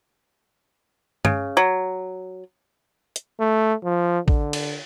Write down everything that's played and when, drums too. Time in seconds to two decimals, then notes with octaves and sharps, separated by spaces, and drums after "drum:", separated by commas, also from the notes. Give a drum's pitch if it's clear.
1.25 C#3, drum: tom G2
1.57 F#3
3.16 drum: hi-hat
3.40 A3
3.84 F3
4.28 D3, drum: kick
4.53 drum: cymbal